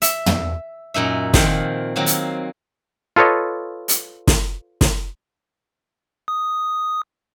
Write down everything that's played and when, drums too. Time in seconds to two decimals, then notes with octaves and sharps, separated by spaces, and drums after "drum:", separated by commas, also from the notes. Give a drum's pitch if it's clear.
0.02 E5, drum: hi-hat
0.26 drum: tom
0.94 F#2 A#2 D#4 E5
1.34 A#2 D#3 F3 C4 C5, drum: snare
1.96 D#3 F#3 A#3 C4
2.06 drum: hi-hat
3.16 F4 A4 B4 C#5 D#5
3.88 drum: hi-hat
4.27 drum: snare
4.81 drum: snare
6.28 D#6